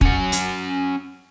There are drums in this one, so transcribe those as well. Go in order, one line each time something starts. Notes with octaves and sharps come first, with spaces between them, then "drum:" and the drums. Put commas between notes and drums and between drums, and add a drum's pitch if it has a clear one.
C#4 F#5, drum: kick
drum: hi-hat